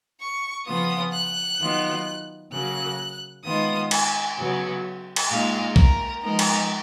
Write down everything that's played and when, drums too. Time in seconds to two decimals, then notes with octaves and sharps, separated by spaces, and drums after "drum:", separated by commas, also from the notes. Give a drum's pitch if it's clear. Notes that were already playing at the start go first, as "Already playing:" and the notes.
0.20 C#6
0.66 C#3 F3 B3 F4 D#6
1.12 F#6
1.59 D#3 F#3 B3 F4
2.51 C#3 F#3 A#3 F#6
3.44 D#3 G#3 B3 F4 D#6
3.91 G#5, drum: cymbal
4.37 C#3 F#3 B3
5.16 drum: cymbal
5.29 A#2 G#3 D#4 F5
5.76 A#4, drum: kick B1
6.22 F3 G#3 B3 D#4 A#4
6.39 drum: cymbal